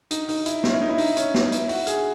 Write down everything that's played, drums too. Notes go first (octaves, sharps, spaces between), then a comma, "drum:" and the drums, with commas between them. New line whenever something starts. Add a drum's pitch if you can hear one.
D#4, drum: hi-hat
D#4, drum: open hi-hat
E4, drum: hi-hat
C#4, drum: snare
E4
D#4
E4
D#4, drum: open hi-hat
C#4, drum: hi-hat
D#4, drum: snare
E4, drum: hi-hat
F#4, drum: open hi-hat
G#4, drum: hi-hat